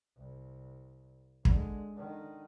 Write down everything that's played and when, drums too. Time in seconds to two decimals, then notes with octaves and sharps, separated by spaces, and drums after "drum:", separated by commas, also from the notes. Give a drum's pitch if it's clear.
0.17 C2
1.45 D3 G#3, drum: kick
1.95 D3 D#3